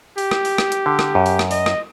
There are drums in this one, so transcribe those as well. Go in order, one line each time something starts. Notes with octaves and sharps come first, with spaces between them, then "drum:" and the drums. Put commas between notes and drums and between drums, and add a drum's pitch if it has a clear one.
G4, drum: open hi-hat
drum: rim click
drum: open hi-hat
drum: rim click
drum: hi-hat
D3
drum: rim click
F#2
drum: open hi-hat
drum: rim click
D#5, drum: open hi-hat
drum: rim click